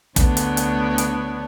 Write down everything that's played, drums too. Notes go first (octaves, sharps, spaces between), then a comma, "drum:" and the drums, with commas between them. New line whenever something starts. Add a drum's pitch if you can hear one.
D2 D3 A3 B3 D4 C#5, drum: kick, hi-hat
drum: hi-hat
drum: hi-hat
drum: hi-hat